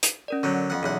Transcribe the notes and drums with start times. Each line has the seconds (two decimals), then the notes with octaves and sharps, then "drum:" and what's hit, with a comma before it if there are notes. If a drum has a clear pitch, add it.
0.03 drum: hi-hat
0.28 C#4 A#4 D5
0.43 D3 F#3 C#4 C#6 G6
0.70 F2 F#5
0.83 B1 E2 F#5